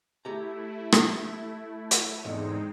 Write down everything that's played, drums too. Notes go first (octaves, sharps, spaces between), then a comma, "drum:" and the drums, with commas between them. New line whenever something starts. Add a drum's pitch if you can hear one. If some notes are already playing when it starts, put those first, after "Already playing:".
A3 E4 G4 A#5
drum: rim click
drum: hi-hat
E2 G#2 D3 G#3 C4 D#4